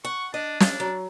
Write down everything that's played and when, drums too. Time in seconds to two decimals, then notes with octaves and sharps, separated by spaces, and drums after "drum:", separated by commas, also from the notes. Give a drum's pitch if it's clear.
0.05 F#5 C#6
0.34 D4 D#5
0.60 D4, drum: snare
0.80 F#3